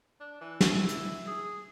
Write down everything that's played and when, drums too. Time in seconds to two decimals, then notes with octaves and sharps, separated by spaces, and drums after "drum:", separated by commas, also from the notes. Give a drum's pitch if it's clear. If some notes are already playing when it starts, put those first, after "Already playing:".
0.20 D4
0.41 E3
0.61 drum: snare
0.73 E4
0.89 drum: hi-hat
1.27 G#4